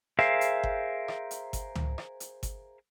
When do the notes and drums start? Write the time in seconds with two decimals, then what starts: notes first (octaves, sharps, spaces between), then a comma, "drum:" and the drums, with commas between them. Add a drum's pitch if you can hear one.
0.19 G#4 A#4 C5 E5 F5, drum: rim click
0.41 drum: hi-hat
0.63 drum: kick G1
1.08 drum: rim click
1.31 drum: hi-hat
1.53 drum: kick G1, hi-hat
1.75 drum: tom C#2
1.98 drum: rim click
2.20 drum: hi-hat
2.43 drum: kick G1, hi-hat